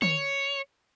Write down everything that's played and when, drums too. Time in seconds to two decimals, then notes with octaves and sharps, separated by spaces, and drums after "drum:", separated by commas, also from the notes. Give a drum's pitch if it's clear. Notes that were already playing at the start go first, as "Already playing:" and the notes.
0.02 C#5, drum: tom